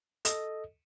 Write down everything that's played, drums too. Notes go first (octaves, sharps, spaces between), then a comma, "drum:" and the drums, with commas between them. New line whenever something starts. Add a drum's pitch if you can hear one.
A4 D#5, drum: hi-hat